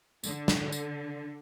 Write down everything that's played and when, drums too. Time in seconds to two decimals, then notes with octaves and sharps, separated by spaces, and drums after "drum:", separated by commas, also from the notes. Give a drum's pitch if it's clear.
0.24 D3, drum: tambourine
0.48 drum: snare
0.72 drum: tambourine